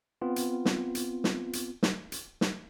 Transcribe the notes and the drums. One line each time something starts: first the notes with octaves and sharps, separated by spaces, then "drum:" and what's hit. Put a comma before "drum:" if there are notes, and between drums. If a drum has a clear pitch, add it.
B3 C4 F4
drum: hi-hat
drum: snare
drum: hi-hat
drum: snare
drum: hi-hat
drum: snare
drum: hi-hat
drum: snare